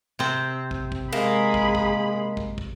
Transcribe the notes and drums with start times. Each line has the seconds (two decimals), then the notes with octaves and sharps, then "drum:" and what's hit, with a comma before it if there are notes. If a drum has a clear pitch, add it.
0.19 C3 C4
0.71 drum: kick
0.92 drum: kick
1.13 G#3 A#3 G#4 B5
1.54 drum: kick
1.75 drum: kick
2.37 drum: kick
2.58 drum: kick